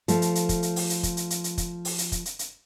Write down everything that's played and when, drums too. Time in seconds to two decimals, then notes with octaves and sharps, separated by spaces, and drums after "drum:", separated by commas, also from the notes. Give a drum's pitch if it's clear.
0.08 F3 A3, drum: hi-hat
0.22 drum: hi-hat
0.35 drum: hi-hat
0.49 drum: kick, hi-hat
0.63 drum: hi-hat
0.76 drum: open hi-hat
0.90 drum: hi-hat
1.03 drum: kick, hi-hat
1.17 drum: hi-hat
1.30 drum: hi-hat
1.44 drum: hi-hat
1.58 drum: kick, hi-hat
1.85 drum: open hi-hat
1.98 drum: hi-hat
2.12 drum: kick, hi-hat
2.25 drum: hi-hat
2.39 drum: hi-hat